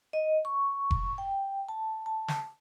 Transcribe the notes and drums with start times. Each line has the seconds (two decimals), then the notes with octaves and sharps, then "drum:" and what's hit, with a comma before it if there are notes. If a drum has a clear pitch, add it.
0.13 D#5
0.45 C#6
0.91 drum: kick F1
1.18 G5
1.69 A5
2.06 A5
2.28 drum: snare